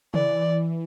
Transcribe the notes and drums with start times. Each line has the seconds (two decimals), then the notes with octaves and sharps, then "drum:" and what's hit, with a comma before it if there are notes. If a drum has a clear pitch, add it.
0.14 E3 D5, drum: tom
0.44 E3